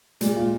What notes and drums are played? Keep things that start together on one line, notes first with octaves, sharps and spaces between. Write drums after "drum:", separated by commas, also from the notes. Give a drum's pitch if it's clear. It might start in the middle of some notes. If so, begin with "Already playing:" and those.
A#2 G#3, drum: hi-hat
F4